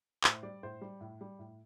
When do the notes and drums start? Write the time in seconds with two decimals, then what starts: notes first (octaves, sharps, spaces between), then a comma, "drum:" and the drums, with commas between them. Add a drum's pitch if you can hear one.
0.24 A2 C5, drum: clap
0.43 G3 D5
0.63 A2 C5
0.81 G3
1.01 A2
1.21 G3
1.39 A2